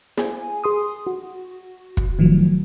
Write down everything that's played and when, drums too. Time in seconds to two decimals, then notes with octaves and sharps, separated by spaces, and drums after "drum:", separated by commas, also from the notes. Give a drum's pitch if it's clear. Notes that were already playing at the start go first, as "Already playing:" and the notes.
0.17 G#4 G#5, drum: snare
0.64 G#4 C6 D#6
1.07 F#4
1.97 drum: kick
2.19 A2 D#3 F3 F#3